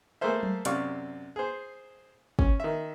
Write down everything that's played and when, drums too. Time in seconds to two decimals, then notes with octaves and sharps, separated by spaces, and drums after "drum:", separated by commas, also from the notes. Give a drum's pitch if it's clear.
0.21 A3 A#3 G#4 A4 C5 E5
0.43 drum: tom F#3
0.65 F#2 C3 D5 F5 C#6, drum: hi-hat
1.36 G#4 C5
2.39 C#4, drum: kick
2.60 D#3 E5